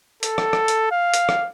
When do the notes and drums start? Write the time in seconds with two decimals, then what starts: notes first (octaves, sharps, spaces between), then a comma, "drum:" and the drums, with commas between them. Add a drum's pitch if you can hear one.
0.23 A4, drum: hi-hat
0.38 drum: rim click
0.53 drum: rim click
0.68 drum: hi-hat
0.91 F5
1.14 drum: hi-hat
1.29 drum: rim click